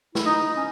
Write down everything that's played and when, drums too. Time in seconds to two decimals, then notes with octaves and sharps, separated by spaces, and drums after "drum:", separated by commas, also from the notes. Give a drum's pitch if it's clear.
0.15 E4, drum: snare
0.26 D#4 D#5
0.56 C#4